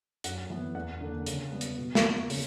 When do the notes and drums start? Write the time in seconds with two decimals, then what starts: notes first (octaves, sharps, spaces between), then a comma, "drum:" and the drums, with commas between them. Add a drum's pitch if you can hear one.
0.24 F#2 F#5, drum: hi-hat
0.50 E3 B3
0.75 E2 F#5
1.01 D3 A#3
1.26 C#3, drum: hi-hat
1.52 G3 B3
1.61 drum: hi-hat
1.78 B2
1.95 drum: snare
2.04 A#3
2.30 C#3, drum: open hi-hat